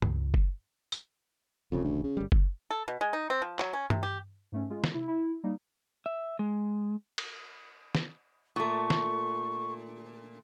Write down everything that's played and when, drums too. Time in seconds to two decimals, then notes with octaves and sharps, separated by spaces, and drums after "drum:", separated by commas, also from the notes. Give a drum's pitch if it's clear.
0.02 C#2, drum: tom G2
0.34 drum: kick F#1
0.92 drum: tambourine
1.72 D1 A1 F2 C#3
1.84 D2
2.03 C#3
2.17 G1 G3
2.32 drum: kick F#1
2.70 A4
2.88 B2
3.01 G#3
3.13 D#4
3.30 C4
3.42 F3
3.59 F#3, drum: clap
3.73 C#4
3.90 C3, drum: tom G2
4.03 G4
4.52 G#2 A3 C#4
4.70 G#3 F4
4.84 drum: snare
4.94 C3 E4
5.08 E4
5.44 G3 A#3 D#4
6.06 E5
6.39 G#3
7.18 drum: cymbal
7.95 drum: snare
8.56 A#2 A3 C#6
8.90 drum: snare